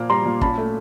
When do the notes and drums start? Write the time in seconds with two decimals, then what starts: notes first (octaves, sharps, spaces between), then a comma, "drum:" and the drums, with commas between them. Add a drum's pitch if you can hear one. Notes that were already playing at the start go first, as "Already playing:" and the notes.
Already playing: A#2 F3 A#3
0.10 G3 A#5 C6
0.25 A#2
0.41 C#4 A5 B5, drum: kick
0.58 A3